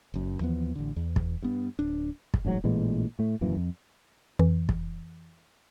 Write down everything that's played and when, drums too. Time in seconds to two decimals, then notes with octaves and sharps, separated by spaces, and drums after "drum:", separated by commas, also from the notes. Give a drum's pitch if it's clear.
0.14 F#1 F#2
0.40 D#2 E3 F3 B3
0.76 A1 D3
0.96 E2
1.16 drum: kick
1.43 G2 B3
1.79 D1 D4
2.34 drum: kick
2.45 A1 G#2 C#3 F#3
2.64 A1 A#2 E3 G#3
3.19 A2 A3
3.41 D#1 F#2 E3 A#3
3.56 F2
4.39 F2 E3
4.69 drum: kick